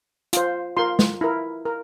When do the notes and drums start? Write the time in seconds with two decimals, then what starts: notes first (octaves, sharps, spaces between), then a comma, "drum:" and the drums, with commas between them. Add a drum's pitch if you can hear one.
0.33 F4 C5, drum: hi-hat
0.77 F4 A#4 C6
0.99 drum: snare
1.21 E4 A#4
1.66 A#4